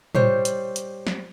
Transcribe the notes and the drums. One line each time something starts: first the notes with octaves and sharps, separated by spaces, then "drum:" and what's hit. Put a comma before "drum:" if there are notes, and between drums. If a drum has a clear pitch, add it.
G3 C5 C#5, drum: tom A2
drum: hi-hat
drum: hi-hat
drum: snare